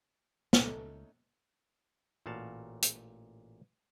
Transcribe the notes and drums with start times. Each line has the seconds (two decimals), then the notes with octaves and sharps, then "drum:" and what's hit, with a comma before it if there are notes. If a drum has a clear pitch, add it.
0.53 C#2 A3 C#4 D#4, drum: snare
0.76 C#2
2.26 A1 A#2 F#4 F5 A5
2.82 drum: hi-hat